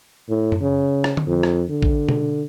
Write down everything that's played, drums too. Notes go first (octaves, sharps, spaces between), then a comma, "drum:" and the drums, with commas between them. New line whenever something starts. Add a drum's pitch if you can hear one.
A2
drum: tom F#2
C#3
drum: rim click
drum: tom D3
F2
drum: rim click
D3
drum: kick
drum: tom B2